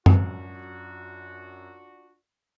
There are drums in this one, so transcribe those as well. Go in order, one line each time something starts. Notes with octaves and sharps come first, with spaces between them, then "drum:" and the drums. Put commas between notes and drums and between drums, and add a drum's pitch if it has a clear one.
F#2 D4 F4 F#4, drum: tom F#2